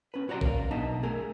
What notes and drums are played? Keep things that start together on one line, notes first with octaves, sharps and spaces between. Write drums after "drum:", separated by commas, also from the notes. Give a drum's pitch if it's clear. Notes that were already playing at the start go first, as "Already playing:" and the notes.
C#4 B4
B1 F#4 C#5 D5 A#5 C6
A#4 F5, drum: kick A1
B1 B2 D4 D#4 E5 A#5
A3 G#4 A#4